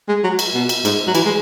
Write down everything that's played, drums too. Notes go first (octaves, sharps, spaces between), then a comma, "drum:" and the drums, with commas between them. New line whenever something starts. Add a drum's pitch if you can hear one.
G#3
F#3
drum: cymbal
B2
drum: cymbal
G#2, drum: cymbal
F#3
E3, drum: cymbal
G#3